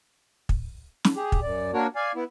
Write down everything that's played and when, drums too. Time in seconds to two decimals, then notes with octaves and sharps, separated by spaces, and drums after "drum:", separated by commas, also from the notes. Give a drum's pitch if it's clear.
0.49 drum: kick
1.05 drum: snare
1.16 G4 G#4
1.32 drum: kick
1.43 F#2 D5
1.74 A#3 D4 F#4 A#4 C#5
1.96 D5 F5 G#5
2.15 B3 E4